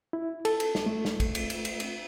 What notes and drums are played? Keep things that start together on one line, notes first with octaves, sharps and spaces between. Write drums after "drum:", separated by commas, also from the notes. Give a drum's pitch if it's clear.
E4
A4, drum: cymbal
drum: cymbal
drum: snare
A3
drum: snare
drum: kick, cymbal
drum: cymbal
drum: cymbal
drum: cymbal
drum: cymbal